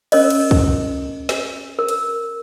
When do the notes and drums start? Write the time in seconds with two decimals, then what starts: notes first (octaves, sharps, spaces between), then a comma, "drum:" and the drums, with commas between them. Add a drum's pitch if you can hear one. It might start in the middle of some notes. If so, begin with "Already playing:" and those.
0.12 C#4 A#4 C#5 D#5, drum: cymbal
0.30 drum: cymbal
0.51 drum: kick
1.29 drum: snare
1.79 A#4
1.88 drum: hi-hat